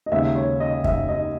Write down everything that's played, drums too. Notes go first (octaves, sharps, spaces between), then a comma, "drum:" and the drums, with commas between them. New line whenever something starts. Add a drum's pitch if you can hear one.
D#5
D#2 C#3 G#3 E5
C#5
D#5
E5, drum: kick F#2
D#5